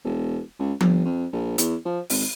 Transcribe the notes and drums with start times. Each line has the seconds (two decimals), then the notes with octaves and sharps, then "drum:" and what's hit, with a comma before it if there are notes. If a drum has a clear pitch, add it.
0.04 E1
0.59 C#2
0.81 G1, drum: tom F3
1.05 F2
1.32 A#1
1.58 E2, drum: hi-hat
1.85 F3
2.10 G#1, drum: open hi-hat